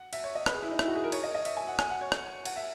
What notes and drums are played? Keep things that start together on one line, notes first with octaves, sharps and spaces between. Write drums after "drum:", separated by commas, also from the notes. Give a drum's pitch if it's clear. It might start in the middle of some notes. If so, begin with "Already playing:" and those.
Already playing: F#5
E5, drum: cymbal
C#5
D#5
B4, drum: rim click
G#4
E4
D#4
E4, drum: rim click
F#4
G#4
A#4
C#5, drum: cymbal
D#5
D#5
E5, drum: cymbal
G#5
F#5
G#5, drum: rim click
F#5
C#5
drum: rim click
F#5, drum: cymbal
E5